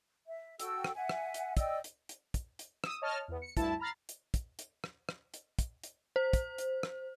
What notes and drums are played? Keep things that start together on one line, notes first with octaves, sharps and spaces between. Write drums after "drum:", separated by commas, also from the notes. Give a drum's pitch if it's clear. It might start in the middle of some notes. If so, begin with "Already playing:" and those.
E5
F#4 A4 G5 E6, drum: hi-hat
drum: rim click
E5 F#5 G#5
drum: rim click
drum: hi-hat
D5 D#5 G5 E6, drum: kick, hi-hat
drum: hi-hat
drum: hi-hat
drum: kick, hi-hat
drum: hi-hat
D#6 E6, drum: rim click
C#5 D#5 A5 F6
E2 B3
C#7
D2 G2 E4 A5, drum: kick, hi-hat
A#5 B5 F6 A6 C7
drum: hi-hat
drum: kick, hi-hat
drum: hi-hat
drum: rim click
drum: rim click
drum: hi-hat
drum: kick, hi-hat
drum: hi-hat
C5
drum: kick, hi-hat
drum: hi-hat
drum: rim click